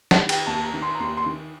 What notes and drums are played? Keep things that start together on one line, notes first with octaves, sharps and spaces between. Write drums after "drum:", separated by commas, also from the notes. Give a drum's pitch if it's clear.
F#5, drum: snare
D#3
G5, drum: cymbal
D#2 A5
A#5
D#3
C6
A#5
D#2 C6
C6
D#3